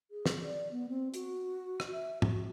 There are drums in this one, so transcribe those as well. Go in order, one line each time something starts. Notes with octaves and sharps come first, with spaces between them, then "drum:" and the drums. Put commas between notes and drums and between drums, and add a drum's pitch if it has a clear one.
G#4
drum: snare
D5
B3
C4
F#4, drum: hi-hat
drum: rim click
E5
F#4, drum: tom